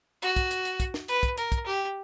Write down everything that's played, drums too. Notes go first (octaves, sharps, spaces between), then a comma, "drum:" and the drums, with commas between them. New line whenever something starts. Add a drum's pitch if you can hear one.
F#4, drum: hi-hat
drum: kick, hi-hat
drum: hi-hat
drum: hi-hat
drum: kick, hi-hat
drum: snare
B4, drum: hi-hat
drum: kick, hi-hat
A#4, drum: hi-hat
drum: kick, hi-hat
G4